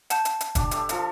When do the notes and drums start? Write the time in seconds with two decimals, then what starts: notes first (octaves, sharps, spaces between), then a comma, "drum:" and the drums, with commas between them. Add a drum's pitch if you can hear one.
0.10 F#5 A5 G6, drum: hi-hat
0.25 drum: hi-hat
0.41 drum: hi-hat
0.55 D4 G4, drum: kick, hi-hat
0.71 G4 A4 E5, drum: hi-hat
0.89 F3 A4 E5, drum: hi-hat